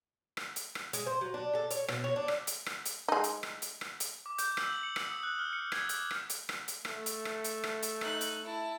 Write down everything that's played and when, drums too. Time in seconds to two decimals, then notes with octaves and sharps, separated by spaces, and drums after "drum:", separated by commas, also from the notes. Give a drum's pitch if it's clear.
0.37 drum: rim click
0.56 drum: hi-hat
0.75 drum: rim click
0.93 G#3, drum: hi-hat
1.06 C5
1.21 F#3
1.34 D4
1.55 A4
1.71 C#5, drum: hi-hat
1.88 B2, drum: rim click
2.04 C#5
2.16 D4
2.28 drum: rim click
2.47 drum: hi-hat
2.66 drum: rim click
2.86 drum: hi-hat
3.08 G#3 D#4
3.24 drum: hi-hat
3.43 drum: rim click
3.62 drum: hi-hat
3.81 drum: rim click
4.00 drum: hi-hat
4.26 D6
4.38 G6, drum: hi-hat
4.57 E6, drum: rim click
4.70 F#7
4.83 C#7
4.96 C#7, drum: rim click
5.12 D#6
5.23 F#6
5.39 F6
5.53 C#7
5.72 G#6, drum: rim click
5.89 D6, drum: hi-hat
6.11 drum: rim click
6.30 drum: hi-hat
6.49 drum: rim click
6.68 drum: hi-hat
6.85 A3, drum: rim click
7.06 drum: hi-hat
7.25 drum: rim click
7.44 drum: hi-hat
7.64 drum: rim click
7.83 drum: hi-hat
8.01 D#4 F#6, drum: rim click
8.21 drum: hi-hat
8.44 E4 A5